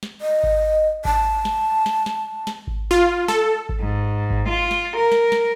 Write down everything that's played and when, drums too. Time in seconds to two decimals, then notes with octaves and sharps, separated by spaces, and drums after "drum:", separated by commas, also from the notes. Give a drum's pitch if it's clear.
0.03 drum: snare
0.21 D#5
0.43 drum: kick G#1
1.05 A5, drum: kick G#1
1.45 drum: snare
1.86 drum: snare
2.06 drum: snare
2.47 drum: snare
2.67 drum: kick G#1
2.91 F4
3.28 A4, drum: snare
3.69 drum: kick G#1
3.79 G#2
4.30 drum: kick G#1
4.49 F4
4.71 drum: snare
4.96 A#4
5.12 drum: snare
5.32 drum: snare